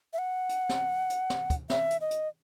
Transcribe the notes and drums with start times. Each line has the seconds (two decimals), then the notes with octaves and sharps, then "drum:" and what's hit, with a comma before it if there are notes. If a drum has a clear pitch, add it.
0.13 E5
0.18 F#5
0.49 drum: hi-hat
0.69 drum: snare
1.10 drum: hi-hat
1.30 drum: snare
1.50 drum: kick, hi-hat
1.70 E5, drum: snare
1.90 drum: hi-hat
2.01 D#5
2.11 drum: hi-hat